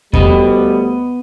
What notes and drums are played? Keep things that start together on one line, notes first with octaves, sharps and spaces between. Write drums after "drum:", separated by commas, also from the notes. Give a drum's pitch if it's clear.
D2 G3 B3 D#5, drum: kick E2